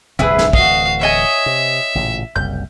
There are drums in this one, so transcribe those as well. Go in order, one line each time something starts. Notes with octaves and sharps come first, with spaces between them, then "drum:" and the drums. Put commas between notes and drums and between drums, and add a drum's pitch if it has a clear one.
D1 C2 G2 E4 G#4 B4, drum: tom
drum: snare
D1 B1 E3 F#4 D#5 F5, drum: kick
C#5 D#5 E5 G#5
C3
A1 A#2 C#3
F#1 C2 G6